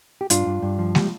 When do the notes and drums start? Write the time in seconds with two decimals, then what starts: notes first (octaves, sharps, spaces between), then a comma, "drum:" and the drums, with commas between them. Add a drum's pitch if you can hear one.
0.21 G4
0.30 G2 D4 F4, drum: hi-hat
0.46 G2
0.62 G2
0.79 F3
0.95 G3, drum: snare G#3